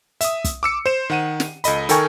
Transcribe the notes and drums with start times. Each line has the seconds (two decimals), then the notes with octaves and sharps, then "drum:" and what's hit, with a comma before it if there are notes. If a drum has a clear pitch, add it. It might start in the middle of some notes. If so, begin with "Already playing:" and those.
0.21 E5 D#6, drum: hi-hat
0.44 drum: kick, hi-hat
0.63 D6 E6 C#7
0.86 C5 E7
1.10 D#3 F#5 D#7
1.40 drum: snare
1.64 C#2 A4 D#5 B5, drum: hi-hat
1.89 D#3 A4 A#4 G5 G#5 C#6, drum: hi-hat